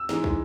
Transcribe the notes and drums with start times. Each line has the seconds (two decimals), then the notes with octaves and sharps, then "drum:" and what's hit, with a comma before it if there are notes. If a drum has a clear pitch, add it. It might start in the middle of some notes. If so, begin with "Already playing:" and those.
Already playing: E6
0.09 G#2 E3 G#3, drum: snare
0.24 drum: kick